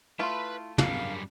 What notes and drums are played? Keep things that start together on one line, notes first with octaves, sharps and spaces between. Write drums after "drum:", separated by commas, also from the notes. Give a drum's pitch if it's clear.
A3 E4 F4 B4 C6
F#2 G3 D4 G#4 A#4 F5, drum: tom